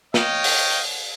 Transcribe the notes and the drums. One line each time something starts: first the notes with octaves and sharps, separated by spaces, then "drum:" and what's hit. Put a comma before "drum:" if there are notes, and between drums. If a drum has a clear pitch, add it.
C#5 D#5 F5 G5, drum: snare
drum: open hi-hat